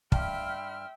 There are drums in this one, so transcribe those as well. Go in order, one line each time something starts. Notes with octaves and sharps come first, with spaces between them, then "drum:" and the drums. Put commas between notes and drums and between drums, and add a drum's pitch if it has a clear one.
G2 E5 G5 B5 C6 F6, drum: kick